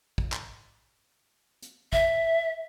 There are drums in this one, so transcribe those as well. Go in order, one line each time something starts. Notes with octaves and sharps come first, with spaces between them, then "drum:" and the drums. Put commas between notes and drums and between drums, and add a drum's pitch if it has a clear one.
drum: kick
drum: clap
drum: hi-hat
E5, drum: kick